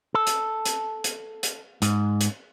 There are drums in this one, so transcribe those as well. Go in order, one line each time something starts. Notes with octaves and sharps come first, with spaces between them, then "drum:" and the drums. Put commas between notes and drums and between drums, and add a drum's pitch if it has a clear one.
A4
drum: hi-hat
drum: hi-hat
drum: hi-hat
drum: hi-hat
G#2, drum: hi-hat
drum: hi-hat